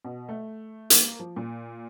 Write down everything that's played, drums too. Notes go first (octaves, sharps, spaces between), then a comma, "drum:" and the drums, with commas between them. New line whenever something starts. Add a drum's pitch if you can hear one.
B2
A3
A#3, drum: hi-hat
F3
A#2